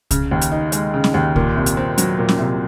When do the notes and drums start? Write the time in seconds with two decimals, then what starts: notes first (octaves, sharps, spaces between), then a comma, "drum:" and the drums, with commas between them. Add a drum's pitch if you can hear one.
0.11 C#3, drum: kick C2, hi-hat
0.31 D#2
0.41 drum: hi-hat
0.51 D#4
0.72 G#3, drum: hi-hat
0.94 C#3
1.04 drum: snare C#4
1.14 D#2
1.36 A#2, drum: kick C2
1.56 C2
1.66 drum: hi-hat
1.77 C4
1.98 F#3, drum: hi-hat
2.18 A#2
2.29 drum: snare C#4
2.38 C2